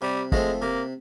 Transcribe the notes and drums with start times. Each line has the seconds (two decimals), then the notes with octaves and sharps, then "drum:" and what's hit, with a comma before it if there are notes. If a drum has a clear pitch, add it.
0.02 C3 G3
0.32 F3 G#3 A3 C4, drum: kick
0.62 C3 A#3